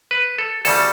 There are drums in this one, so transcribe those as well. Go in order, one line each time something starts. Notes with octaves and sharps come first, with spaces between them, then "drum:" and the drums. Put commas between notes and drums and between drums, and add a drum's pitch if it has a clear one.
B4
A4
D2 C#3 G3 A4, drum: open hi-hat